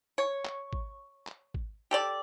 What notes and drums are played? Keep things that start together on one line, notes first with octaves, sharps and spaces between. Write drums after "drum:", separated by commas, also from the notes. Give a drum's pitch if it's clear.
C#5
drum: clap
drum: kick G#1
drum: clap
drum: kick G#1
G4 A4 D5